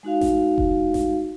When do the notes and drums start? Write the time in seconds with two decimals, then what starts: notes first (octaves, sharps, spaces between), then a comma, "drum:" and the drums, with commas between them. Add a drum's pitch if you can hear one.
0.03 G#3 D#4 F#4 F5
0.21 drum: snare A1
0.58 drum: kick F1
0.94 drum: snare A1